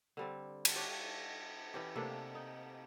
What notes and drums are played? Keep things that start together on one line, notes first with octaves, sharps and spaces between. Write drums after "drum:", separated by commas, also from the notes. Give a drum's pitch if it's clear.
D3 G3 C4
drum: cymbal
D4 G4 C#5
E3 C#4 G4
C3 A3 A#3 D4
D#4